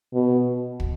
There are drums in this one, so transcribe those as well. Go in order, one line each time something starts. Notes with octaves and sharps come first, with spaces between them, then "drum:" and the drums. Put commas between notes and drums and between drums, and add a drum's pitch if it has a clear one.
B2
drum: kick